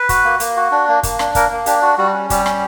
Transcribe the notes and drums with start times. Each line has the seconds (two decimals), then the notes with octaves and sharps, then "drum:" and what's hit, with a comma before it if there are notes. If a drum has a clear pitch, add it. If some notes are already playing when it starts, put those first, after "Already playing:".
Already playing: B4
0.09 F#4, drum: kick, hi-hat
0.24 A#3
0.40 A#3, drum: hi-hat
0.57 F#4
0.71 D4
0.88 A#3
1.03 A#3, drum: kick, hi-hat
1.19 D4, drum: rim click
1.35 A#3 A#4, drum: kick, hi-hat
1.51 A#3
1.66 D4 G4, drum: hi-hat
1.82 F#4
1.98 G3 F#4
2.13 C#4
2.30 G3 G4, drum: kick, hi-hat
2.46 C#4, drum: rim click